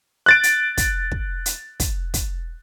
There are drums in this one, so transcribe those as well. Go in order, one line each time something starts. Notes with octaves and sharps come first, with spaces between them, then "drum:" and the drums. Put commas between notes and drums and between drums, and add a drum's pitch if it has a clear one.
F#6 A6 D7
drum: hi-hat
drum: kick, hi-hat
drum: kick
drum: hi-hat
drum: kick, hi-hat
drum: kick, hi-hat